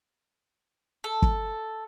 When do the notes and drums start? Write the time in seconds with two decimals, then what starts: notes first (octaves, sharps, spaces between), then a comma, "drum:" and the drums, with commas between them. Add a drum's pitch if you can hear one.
1.04 A4
1.22 drum: kick